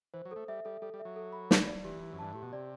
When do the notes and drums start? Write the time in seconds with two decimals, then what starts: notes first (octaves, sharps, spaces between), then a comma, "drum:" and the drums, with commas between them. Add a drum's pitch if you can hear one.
0.14 E3 C5
0.25 F#3
0.31 A3 A4
0.48 G3 E5
0.65 G3 A4
0.82 G3 A4
0.94 G3
1.00 E5
1.05 F#3
1.16 A4
1.33 B5
1.51 D5, drum: snare
1.67 D5
1.84 E3 G4
2.01 E4
2.13 F#2
2.19 G2 A5
2.33 A2 G4
2.42 B2
2.53 C3 D5